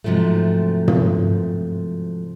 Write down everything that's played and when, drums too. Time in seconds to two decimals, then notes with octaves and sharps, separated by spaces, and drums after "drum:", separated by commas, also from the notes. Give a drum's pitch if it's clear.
0.04 G#2 C3 F3 F#3 A3
0.88 drum: tom